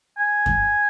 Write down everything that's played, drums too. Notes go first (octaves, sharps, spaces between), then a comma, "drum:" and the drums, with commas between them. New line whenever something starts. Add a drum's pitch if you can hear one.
G#5
drum: kick F#2